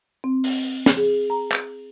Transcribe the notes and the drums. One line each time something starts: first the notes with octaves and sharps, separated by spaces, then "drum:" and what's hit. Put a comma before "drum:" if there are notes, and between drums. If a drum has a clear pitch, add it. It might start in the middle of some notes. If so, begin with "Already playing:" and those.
C4
drum: open hi-hat
drum: snare
G#4
A#5
drum: clap